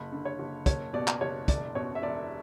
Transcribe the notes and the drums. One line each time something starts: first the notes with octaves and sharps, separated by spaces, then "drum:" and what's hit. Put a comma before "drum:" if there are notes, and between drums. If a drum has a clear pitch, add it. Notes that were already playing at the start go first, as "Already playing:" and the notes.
Already playing: F#1 B5
D3
C#5
F#1
F#1 C#5, drum: kick, hi-hat
B2 D5
drum: clap
F#1 C#5
E1 D5, drum: kick, hi-hat
B2 C#5
E5
E1 D5